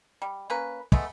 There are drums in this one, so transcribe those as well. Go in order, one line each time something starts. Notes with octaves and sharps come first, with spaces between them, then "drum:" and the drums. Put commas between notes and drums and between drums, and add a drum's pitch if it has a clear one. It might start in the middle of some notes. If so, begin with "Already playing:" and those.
G3
A#3 C#4 B4
G#3 A3 B3, drum: kick